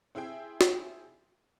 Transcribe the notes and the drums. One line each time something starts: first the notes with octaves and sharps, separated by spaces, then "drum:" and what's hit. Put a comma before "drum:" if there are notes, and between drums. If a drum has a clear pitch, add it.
C4 E4 G#4 E5 G5
drum: snare